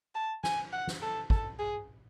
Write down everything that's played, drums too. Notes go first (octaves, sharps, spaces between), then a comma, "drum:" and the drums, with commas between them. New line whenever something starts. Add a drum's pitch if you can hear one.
A5
G#5, drum: snare
F#5
drum: snare
A4
A4, drum: kick
G#4